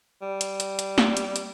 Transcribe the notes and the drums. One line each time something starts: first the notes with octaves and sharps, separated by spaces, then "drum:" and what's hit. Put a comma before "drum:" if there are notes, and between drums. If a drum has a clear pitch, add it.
G3
drum: hi-hat
drum: hi-hat
drum: hi-hat
drum: snare
drum: hi-hat
drum: hi-hat